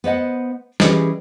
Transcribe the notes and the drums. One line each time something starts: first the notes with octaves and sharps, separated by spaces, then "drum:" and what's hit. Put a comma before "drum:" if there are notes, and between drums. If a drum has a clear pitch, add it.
B3 C5 D#5 F#5
E3 G3 C#4 G#4 D#5, drum: snare